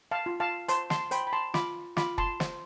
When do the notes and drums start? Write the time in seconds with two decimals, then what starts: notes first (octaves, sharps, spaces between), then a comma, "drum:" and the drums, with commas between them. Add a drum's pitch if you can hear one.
0.11 F5 A5
0.26 F4
0.40 F5 A5
0.68 C5 A5 C6, drum: hi-hat
0.90 A5 C6, drum: snare
1.11 C5 G5 B5, drum: hi-hat
1.27 B5
1.33 A5 C6
1.54 F4 B5 D6, drum: snare
1.97 F4 B5 D6, drum: snare
2.18 A5 C6, drum: kick
2.40 C5, drum: snare